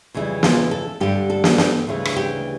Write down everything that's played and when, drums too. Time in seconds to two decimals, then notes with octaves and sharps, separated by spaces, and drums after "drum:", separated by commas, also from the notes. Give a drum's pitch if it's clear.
0.14 F2 C#3 E3 G3
0.43 F4, drum: snare
0.71 A4
1.00 G2 D3 G3 G4
1.30 A4
1.44 drum: snare
1.58 G4, drum: snare
1.87 D2 C#3 E3 G3
2.05 drum: rim click
2.16 G4